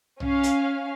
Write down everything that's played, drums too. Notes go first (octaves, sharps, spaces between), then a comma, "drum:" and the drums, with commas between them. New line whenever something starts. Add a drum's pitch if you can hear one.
C#4 F5, drum: tom
drum: hi-hat